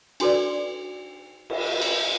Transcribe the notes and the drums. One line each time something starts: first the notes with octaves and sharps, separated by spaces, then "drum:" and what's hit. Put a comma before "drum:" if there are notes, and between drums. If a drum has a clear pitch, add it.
D4 F#4 A4 B4 D5, drum: cymbal
drum: cymbal
drum: cymbal